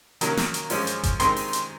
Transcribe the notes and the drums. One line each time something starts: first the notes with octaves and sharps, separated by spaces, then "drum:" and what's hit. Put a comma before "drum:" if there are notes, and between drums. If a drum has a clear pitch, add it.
D#3 F#3 A#3 C#4, drum: hi-hat
drum: snare
drum: hi-hat
F#2 F3 G#3 C#4 F4, drum: open hi-hat
drum: hi-hat
drum: kick G1, hi-hat
D#3 G#3 C4 D#4 C6, drum: hi-hat
drum: open hi-hat
drum: hi-hat